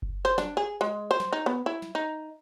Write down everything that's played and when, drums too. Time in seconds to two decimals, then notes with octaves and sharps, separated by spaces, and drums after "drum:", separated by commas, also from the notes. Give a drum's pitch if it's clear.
0.02 drum: kick F#1
0.25 C5
0.38 D4, drum: snare
0.57 G#4
0.81 G#3
1.11 C5
1.20 drum: snare
1.33 D#4
1.46 B3
1.66 E4
1.82 drum: snare
1.95 D#4